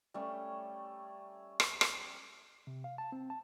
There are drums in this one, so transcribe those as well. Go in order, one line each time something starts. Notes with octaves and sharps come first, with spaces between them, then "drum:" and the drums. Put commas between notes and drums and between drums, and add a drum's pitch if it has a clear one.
G3 A3 C#4
drum: rim click
drum: rim click
C3
F5
A5
C4
A5